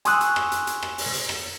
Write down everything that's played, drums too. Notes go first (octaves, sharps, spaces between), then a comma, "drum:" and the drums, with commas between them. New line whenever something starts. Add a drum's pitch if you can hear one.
G#5 C6 C#6 D#6 E6 F#6, drum: hi-hat
drum: hi-hat
drum: rim click
drum: hi-hat
drum: hi-hat
drum: rim click
drum: open hi-hat
drum: hi-hat
drum: rim click